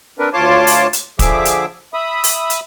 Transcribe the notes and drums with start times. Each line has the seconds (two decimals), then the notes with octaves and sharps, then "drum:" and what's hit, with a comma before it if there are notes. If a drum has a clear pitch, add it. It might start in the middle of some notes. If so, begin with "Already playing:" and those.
0.19 C4 D4 A#4 B4
0.34 D2 F4 C#5 A5 C6 D6
0.67 drum: open hi-hat
0.93 drum: hi-hat
1.19 D3 F3 G#4 E5 D6, drum: kick, hi-hat
1.45 drum: hi-hat
1.94 E5 B5 D#6
2.24 drum: open hi-hat
2.50 drum: hi-hat